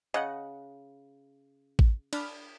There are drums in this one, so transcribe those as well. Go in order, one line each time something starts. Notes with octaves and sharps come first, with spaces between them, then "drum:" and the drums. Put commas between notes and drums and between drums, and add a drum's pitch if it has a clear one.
C#3 D#5 F#5
drum: kick A1
D4 B5 F6, drum: cymbal